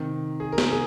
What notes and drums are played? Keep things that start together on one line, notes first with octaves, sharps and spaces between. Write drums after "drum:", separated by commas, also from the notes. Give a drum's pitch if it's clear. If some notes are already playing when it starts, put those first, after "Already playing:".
Already playing: C3 D#3
G#4
A#4
G#4, drum: snare
G#4